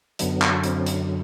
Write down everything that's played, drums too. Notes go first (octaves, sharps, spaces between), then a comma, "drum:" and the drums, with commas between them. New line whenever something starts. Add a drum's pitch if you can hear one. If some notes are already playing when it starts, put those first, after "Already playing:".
F#2 D3 F#3 B3, drum: hi-hat
drum: clap
C4, drum: hi-hat
drum: hi-hat